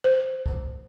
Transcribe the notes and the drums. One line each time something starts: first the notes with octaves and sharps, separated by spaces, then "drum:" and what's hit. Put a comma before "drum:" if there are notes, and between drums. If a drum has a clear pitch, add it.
C5
drum: kick C2